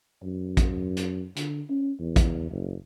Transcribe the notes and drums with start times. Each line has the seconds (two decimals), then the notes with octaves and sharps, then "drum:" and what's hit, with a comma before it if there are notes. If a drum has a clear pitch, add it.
0.23 F#2
0.57 drum: kick, hi-hat
0.97 drum: hi-hat
1.37 D3, drum: hi-hat
1.70 C#4
2.00 E2
2.16 drum: kick, hi-hat
2.51 F#1